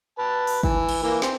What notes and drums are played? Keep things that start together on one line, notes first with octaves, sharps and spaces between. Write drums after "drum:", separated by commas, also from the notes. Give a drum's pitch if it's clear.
B4 A5
drum: open hi-hat
E3, drum: kick
drum: cymbal
E3 A#3
C4, drum: snare